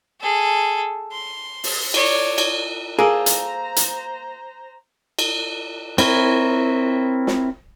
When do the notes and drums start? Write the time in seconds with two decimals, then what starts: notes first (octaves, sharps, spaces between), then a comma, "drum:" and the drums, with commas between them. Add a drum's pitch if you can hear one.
0.21 G#4 A4
1.12 C6
1.64 drum: open hi-hat
1.94 C#5 D5, drum: cymbal
2.38 drum: cymbal
2.99 A#3 G#4 A4 C5 A#5
3.26 drum: hi-hat
3.76 drum: hi-hat
5.19 drum: cymbal
5.98 C4 E4 A#4 C#5, drum: cymbal
7.27 drum: snare